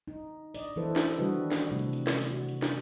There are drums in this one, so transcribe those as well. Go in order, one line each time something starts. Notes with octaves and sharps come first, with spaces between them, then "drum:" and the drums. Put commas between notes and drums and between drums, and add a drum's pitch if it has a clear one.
D#4
D5 D#5, drum: open hi-hat
E3 E4 A4 B4 C5
drum: snare
D#3 G3 D4 F#4 B4 D#5
drum: snare
C3 G3 A3
drum: hi-hat
drum: hi-hat
drum: snare
drum: open hi-hat
F#4
drum: hi-hat
drum: snare